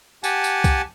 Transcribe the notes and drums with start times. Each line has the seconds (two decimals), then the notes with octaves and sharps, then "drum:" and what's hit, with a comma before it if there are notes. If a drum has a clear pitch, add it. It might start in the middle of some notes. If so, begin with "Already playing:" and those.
0.24 G4 F#5 G#5 A5, drum: tambourine
0.44 drum: tambourine
0.64 drum: kick C2, tambourine